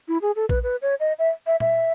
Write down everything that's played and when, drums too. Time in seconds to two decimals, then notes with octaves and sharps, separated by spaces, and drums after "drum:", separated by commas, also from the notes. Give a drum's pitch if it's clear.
0.08 E4
0.22 G#4
0.36 A4
0.49 B4, drum: kick A#1
0.63 B4
0.82 C#5
1.00 D#5
1.19 E5
1.47 E5
1.60 E5, drum: tom